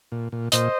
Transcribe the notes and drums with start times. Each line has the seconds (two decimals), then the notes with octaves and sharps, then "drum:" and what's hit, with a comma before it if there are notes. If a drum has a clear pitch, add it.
0.12 A#2
0.32 A#2
0.52 A#2 C5 D#5, drum: hi-hat